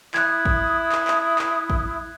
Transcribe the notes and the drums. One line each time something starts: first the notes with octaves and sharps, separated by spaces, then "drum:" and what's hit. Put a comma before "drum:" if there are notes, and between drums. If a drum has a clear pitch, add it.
E4 D#6 F#6 G#6, drum: clap
drum: kick G#1
drum: clap
drum: clap
drum: clap
drum: kick G#1